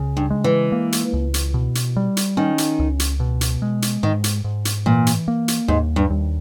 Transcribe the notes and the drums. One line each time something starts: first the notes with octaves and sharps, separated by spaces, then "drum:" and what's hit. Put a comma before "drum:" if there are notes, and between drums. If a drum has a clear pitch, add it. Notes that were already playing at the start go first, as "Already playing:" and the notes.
Already playing: C#2 C#3
G2
G#3
E3
A#3
drum: hi-hat
C#2
drum: hi-hat
B2
drum: hi-hat
G3
drum: hi-hat
D#3 C#4
drum: hi-hat
C#2
drum: hi-hat
B2
drum: hi-hat
G#3
drum: hi-hat
G#2 D#3
drum: hi-hat
G#2
drum: hi-hat
A#2 E3
drum: hi-hat
A#3
drum: hi-hat
D#2 G#2
G2
D#2